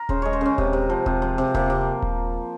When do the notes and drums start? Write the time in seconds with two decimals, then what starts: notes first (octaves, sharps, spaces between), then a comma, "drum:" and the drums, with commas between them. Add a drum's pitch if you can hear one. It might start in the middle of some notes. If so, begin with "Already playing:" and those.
Already playing: A#4
0.09 C#3 C5, drum: kick D#1
0.22 G#3 C#5
0.33 C5
0.41 C#3 C#4
0.58 C3, drum: kick D#1
0.73 C3
0.90 F3
1.06 C3, drum: kick D#1
1.22 F3
1.38 C3
1.54 C3 A#3, drum: kick D#1
1.70 C3
2.02 drum: kick D#1